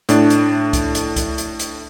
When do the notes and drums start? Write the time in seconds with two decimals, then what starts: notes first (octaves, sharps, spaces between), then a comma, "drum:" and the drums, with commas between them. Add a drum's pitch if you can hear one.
0.09 A2 D4, drum: hi-hat
0.30 drum: hi-hat
0.73 drum: kick C2, hi-hat
0.95 drum: hi-hat
1.16 drum: kick C2, hi-hat
1.38 drum: hi-hat
1.59 drum: hi-hat